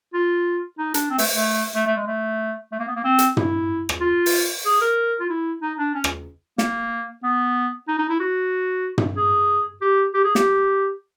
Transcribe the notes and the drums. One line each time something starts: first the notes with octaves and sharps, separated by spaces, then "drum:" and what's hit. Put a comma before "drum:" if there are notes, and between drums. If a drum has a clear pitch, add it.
F4
D#4
D4, drum: hi-hat
C4
A3, drum: open hi-hat
A3
A3
A3
G#3
A3
A3
A#3
B3
A#3
C4
drum: hi-hat
E4, drum: tom
drum: rim click
F4
drum: open hi-hat
G#4
A#4
F4
E4
D#4
D4
C#4
drum: rim click
A#3, drum: snare
B3
D#4
D#4
E4
F#4
drum: tom
G#4
G4
G4
G#4
G4, drum: snare